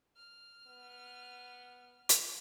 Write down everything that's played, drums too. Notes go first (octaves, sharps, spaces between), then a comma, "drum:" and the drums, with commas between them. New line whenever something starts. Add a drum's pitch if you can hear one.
F6
B3
drum: hi-hat